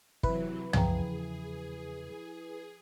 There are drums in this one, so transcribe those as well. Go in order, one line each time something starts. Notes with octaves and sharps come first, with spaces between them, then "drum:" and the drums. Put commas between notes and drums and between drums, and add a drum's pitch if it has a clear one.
C3 E3 F#3 E4 B4, drum: kick
E2 C#3 F3 G#4 G5 A#5, drum: tom